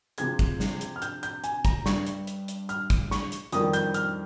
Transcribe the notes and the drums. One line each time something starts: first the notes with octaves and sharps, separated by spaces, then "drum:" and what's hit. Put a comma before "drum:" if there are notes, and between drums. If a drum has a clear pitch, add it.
C3 F3 G#3 G#6, drum: hi-hat
drum: kick, hi-hat
drum: snare
drum: hi-hat
F6
G6, drum: hi-hat
G6, drum: hi-hat
G#5, drum: hi-hat
A#5, drum: kick, hi-hat
G2 G3 C#6, drum: snare
drum: hi-hat
drum: hi-hat
drum: hi-hat
F6, drum: hi-hat
drum: kick, hi-hat
C#6, drum: snare
drum: hi-hat
F2 D#3 G3 D#6, drum: hi-hat
G6, drum: hi-hat
F6, drum: hi-hat